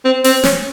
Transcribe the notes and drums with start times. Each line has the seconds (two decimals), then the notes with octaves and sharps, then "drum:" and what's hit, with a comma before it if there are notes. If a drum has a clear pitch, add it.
0.05 C4
0.24 C4, drum: open hi-hat
0.43 C#4, drum: snare